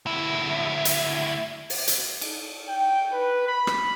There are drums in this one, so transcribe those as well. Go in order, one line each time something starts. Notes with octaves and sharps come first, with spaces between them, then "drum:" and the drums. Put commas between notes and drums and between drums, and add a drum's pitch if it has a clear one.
D2 E4
drum: hi-hat
drum: open hi-hat
drum: hi-hat
drum: cymbal
G5
B4
B5
drum: rim click